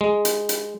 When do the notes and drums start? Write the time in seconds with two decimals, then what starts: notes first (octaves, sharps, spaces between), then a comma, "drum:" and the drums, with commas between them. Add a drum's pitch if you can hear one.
0.01 G#3
0.25 drum: hi-hat
0.49 drum: hi-hat